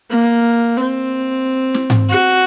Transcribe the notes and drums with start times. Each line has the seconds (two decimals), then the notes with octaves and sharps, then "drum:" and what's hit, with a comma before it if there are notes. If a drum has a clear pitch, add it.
0.11 A#3
0.77 C4
1.74 drum: snare
1.90 drum: tom G#2
2.10 F#4